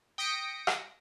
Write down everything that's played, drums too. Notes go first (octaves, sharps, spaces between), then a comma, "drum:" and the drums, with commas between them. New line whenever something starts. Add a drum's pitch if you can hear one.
G5 D#6 A#6 B6 C#7 D7
drum: rim click